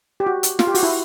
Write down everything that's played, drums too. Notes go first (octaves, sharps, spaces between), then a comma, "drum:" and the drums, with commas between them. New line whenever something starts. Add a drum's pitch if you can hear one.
G4
F#4
drum: hi-hat
F4, drum: snare
G4
F#4, drum: open hi-hat
E4